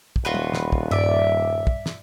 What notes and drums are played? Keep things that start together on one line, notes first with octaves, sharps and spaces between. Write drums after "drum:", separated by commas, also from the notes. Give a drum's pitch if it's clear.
drum: kick
D#1 F4 F#4 B4
drum: tom G3
drum: snare
drum: kick
G2 D5 E5 D7
drum: kick
drum: snare